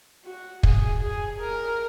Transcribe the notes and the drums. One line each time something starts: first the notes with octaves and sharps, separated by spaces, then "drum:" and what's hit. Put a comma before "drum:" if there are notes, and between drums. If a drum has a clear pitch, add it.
F#4
G#4, drum: kick
G#4
A#4